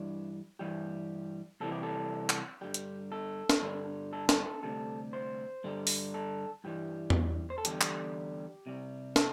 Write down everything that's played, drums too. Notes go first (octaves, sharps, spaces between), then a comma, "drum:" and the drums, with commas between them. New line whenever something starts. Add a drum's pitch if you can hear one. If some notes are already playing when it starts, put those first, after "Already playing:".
Already playing: G2 E3 G3 D4
G2 E3 G3 G4
C2 C3 E3 G3 A4
G4
A4
drum: clap
G2 D3 G3 G4
drum: hi-hat
A4
drum: snare
G2 D3 G3
A4
A4, drum: snare
A4
D2 C3 G3 A4
C5
G2 D3 G3
drum: open hi-hat
A4
G2 E3 G3 G4
drum: tom E2
C5
A4
E2 D3 G3 G4, drum: hi-hat
drum: clap
C2 C3 G3
A4, drum: snare